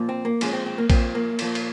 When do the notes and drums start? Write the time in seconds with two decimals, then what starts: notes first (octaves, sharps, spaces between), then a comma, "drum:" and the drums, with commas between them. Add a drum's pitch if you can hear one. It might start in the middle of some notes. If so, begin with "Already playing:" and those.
Already playing: A#2 F3
0.09 C4
0.25 A#3
0.41 A#2 F3 G#3 C#4, drum: cymbal
0.53 C4
0.66 C4
0.78 A#3
0.90 A#2 F3 A#3 C4, drum: kick A#1, cymbal
1.15 A#3
1.39 A#2 F3 A#3, drum: cymbal
1.55 drum: cymbal